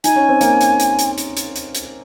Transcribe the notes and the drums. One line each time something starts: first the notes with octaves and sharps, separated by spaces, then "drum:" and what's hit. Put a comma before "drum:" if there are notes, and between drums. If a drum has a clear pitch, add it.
D#4 G#5, drum: hi-hat
C#4
C4
A#3 C#4, drum: hi-hat
drum: hi-hat
drum: hi-hat
drum: hi-hat
drum: hi-hat
drum: hi-hat
drum: hi-hat
drum: hi-hat